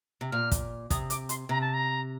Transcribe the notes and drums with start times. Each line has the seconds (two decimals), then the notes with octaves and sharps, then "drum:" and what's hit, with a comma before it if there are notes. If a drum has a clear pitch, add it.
0.21 C3
0.32 A#2 F6
0.52 drum: kick, hi-hat
0.90 C3 D#6, drum: kick, hi-hat
1.10 D6, drum: hi-hat
1.29 C6, drum: hi-hat
1.49 C3 A#5
1.61 A5
1.74 A#5